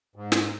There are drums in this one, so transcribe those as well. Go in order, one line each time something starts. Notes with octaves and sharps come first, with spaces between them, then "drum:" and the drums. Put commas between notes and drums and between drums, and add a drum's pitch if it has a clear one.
G#2
drum: snare